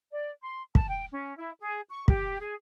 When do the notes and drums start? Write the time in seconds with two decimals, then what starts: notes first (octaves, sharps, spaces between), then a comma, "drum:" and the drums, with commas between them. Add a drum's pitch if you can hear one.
0.12 D5
0.42 C6
0.75 A5, drum: kick
0.89 G5
1.12 C#4
1.37 E4
1.60 G#4
1.90 C#6
2.08 G4, drum: kick
2.40 G#4